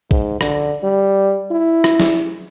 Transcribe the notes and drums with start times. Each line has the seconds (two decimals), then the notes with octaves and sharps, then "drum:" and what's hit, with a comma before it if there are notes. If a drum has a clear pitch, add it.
0.11 G#2, drum: kick A#1
0.41 D3, drum: rim click
0.84 G3
1.51 E4
1.84 drum: rim click
2.00 drum: snare